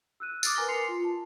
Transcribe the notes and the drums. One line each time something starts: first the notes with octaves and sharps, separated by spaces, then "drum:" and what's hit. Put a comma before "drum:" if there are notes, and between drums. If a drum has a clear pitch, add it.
E6 F#6 D#7
D6 D#6 F6 F#6 A6, drum: tambourine
A#4 B4 G#5 A#5 A#6 G7
C6 C7 C#7 F7
F4
A5